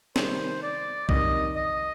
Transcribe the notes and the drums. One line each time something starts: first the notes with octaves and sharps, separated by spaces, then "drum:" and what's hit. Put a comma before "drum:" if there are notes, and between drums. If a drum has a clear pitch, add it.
C3 D#3 G3 C5, drum: snare
D5
C3 D#3 G3 D#5, drum: kick B1
D#5